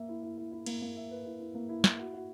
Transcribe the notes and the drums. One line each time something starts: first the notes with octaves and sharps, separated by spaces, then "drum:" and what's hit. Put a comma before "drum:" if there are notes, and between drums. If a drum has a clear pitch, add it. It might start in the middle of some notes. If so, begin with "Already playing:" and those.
Already playing: A#3 E5
E4
E4
E4
E4
A#3, drum: cymbal
A#3
E5
B4
E4
E4
A#3
E4
E4, drum: snare
F#4
F#4